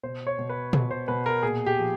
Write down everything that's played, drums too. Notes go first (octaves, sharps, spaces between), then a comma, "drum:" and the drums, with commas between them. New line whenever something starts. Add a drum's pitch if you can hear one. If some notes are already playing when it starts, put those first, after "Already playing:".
B2 C5
C#5
B2
B4
B2, drum: tom A#2
C5
B2 B4
A#4
A#2 G#4
G4
F3